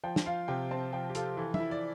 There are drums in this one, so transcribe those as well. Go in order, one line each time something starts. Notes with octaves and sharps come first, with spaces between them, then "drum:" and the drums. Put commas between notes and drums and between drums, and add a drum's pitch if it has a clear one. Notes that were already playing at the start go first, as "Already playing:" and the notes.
F3 G5
drum: snare
F4 F5
C3 G5
C4 A5
F3 G5
G4
F4 A4, drum: hi-hat
E3 A4
E5, drum: tom
E4
D5